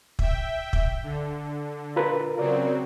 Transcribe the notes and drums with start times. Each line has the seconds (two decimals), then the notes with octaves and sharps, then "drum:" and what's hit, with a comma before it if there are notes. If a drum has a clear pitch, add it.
0.19 E5 G5, drum: kick
0.73 drum: kick
1.04 D3
1.96 F4 A#4 B4
2.38 C#3 F#3 C4 A#4 D5